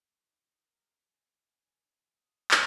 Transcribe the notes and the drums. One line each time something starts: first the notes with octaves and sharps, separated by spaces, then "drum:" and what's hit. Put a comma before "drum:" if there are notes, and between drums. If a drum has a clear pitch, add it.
D#4
A#4
G#5
G#5
D#6
drum: clap